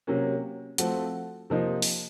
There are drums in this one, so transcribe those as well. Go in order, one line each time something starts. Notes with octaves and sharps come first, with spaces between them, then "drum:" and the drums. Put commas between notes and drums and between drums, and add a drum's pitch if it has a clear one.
C3 F#3 A#3 C#4
F3 A3 C4 F#4, drum: hi-hat
C3 F3 A#3 D#4
drum: open hi-hat